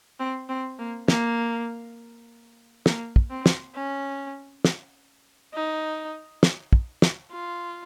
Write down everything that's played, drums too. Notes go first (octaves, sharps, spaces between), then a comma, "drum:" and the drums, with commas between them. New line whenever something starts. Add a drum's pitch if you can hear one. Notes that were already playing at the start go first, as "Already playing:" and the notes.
C4
C4
A#3
A#3, drum: snare
A#3, drum: snare
drum: kick
C4
drum: snare
C#4
drum: snare
D#4
drum: snare
drum: kick
drum: snare
F4